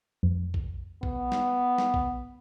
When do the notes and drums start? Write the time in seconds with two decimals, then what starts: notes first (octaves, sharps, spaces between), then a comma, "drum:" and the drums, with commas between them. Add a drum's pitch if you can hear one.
0.23 F2
0.54 drum: kick
1.03 B3, drum: kick
1.32 drum: snare
1.78 drum: snare
1.94 drum: kick